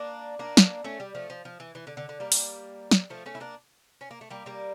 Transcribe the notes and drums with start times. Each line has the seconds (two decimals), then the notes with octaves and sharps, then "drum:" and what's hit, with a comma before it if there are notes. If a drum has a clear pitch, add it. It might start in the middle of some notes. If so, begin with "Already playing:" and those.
Already playing: A#3 D4
0.39 A#3 D4
0.57 drum: snare
0.84 A3 C#4
1.00 G3
1.15 F3 A3
1.30 F3
1.45 F3
1.60 E3
1.75 E3
1.87 D3
1.97 D3
2.09 D3
2.20 G3 A#3
2.32 drum: open hi-hat
2.91 drum: snare
3.10 F3 A3
3.26 A3 C#4
3.35 E4
3.40 A#3 D4
4.01 C#4
4.11 A#3
4.21 A3
4.30 G3 A#3
4.46 G3 A#3